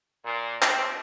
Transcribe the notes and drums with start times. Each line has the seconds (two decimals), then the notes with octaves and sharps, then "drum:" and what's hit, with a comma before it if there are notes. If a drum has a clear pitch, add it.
0.25 A#2
0.62 C4, drum: clap